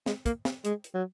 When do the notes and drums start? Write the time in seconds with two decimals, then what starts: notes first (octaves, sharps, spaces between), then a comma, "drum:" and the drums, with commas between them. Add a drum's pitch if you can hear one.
0.06 G#3, drum: snare
0.26 A#3, drum: kick, hi-hat
0.45 drum: snare
0.65 G#3, drum: hi-hat
0.84 drum: hi-hat
0.94 F#3